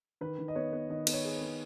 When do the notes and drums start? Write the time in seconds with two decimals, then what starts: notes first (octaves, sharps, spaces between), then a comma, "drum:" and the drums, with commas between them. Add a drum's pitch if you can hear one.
0.21 D#3 B4
0.38 D#3
0.48 D#5
0.55 B3 C#5
0.73 B3
0.89 D#3 D#5
1.07 B3, drum: cymbal
1.13 C#5
1.25 G#4
1.36 B4
1.41 B3